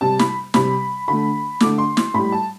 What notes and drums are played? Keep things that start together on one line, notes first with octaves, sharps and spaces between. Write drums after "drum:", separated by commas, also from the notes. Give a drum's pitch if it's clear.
C3 G3 A5
B5, drum: snare
C3 G3 B5, drum: snare
D3 A3 B5
D3 A3 D6, drum: snare
C6
C6, drum: snare
A2 G3 B5
A5